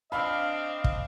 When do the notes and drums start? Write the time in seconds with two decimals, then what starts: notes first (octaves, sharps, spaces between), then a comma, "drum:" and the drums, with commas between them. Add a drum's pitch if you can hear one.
0.12 C4 D4 D#5 F5 B5 E6
0.84 drum: kick